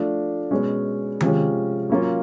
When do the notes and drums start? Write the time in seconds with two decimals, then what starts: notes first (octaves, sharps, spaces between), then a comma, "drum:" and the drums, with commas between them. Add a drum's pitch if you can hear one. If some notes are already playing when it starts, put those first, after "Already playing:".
Already playing: F3 A3 D4
0.51 B2 G#3 C#4
1.20 C3 F3 G#3 C#4, drum: tom D#3
1.90 F#3 A#3 C#4 F4